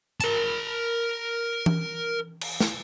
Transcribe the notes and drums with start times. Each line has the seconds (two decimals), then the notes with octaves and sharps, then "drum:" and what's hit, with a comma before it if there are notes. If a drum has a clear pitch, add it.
0.20 A#4 A5, drum: hi-hat
1.66 drum: tom E3
2.41 drum: cymbal
2.60 drum: snare